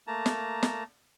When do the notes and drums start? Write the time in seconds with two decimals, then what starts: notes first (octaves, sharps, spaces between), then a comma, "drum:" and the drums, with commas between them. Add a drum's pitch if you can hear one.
0.07 A3 A#3 A5 A#5
0.26 drum: snare
0.63 drum: snare